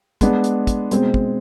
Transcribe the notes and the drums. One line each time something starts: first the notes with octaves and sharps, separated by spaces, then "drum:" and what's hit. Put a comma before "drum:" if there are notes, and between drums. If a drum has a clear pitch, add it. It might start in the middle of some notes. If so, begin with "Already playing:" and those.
G#3 B3 D4, drum: kick, hi-hat
drum: hi-hat
drum: kick, hi-hat
B2 G#3 C4, drum: hi-hat
drum: kick